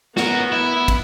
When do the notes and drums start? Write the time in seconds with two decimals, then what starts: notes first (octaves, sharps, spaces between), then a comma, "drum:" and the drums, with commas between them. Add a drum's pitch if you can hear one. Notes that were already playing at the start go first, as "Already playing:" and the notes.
0.17 B3 F#4 A#4, drum: snare
0.52 E4
0.88 drum: kick, cymbal